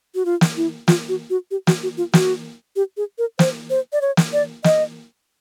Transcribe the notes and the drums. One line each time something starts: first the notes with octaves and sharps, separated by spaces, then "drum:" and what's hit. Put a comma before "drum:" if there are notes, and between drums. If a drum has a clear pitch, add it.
F#4
F4
drum: snare
E4
F4, drum: snare
F#4
F#4
G4
F#4, drum: snare
F#4
F4
F#4, drum: snare
G4
G#4
A#4
C5, drum: snare
C5
D5
C#5
drum: snare
D5
D#5, drum: snare